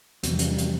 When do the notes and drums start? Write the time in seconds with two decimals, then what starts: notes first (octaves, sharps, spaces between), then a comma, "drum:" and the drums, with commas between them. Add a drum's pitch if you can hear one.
0.23 E2 C3 E3 G3, drum: hi-hat
0.31 F3
0.39 G3, drum: hi-hat
0.58 drum: hi-hat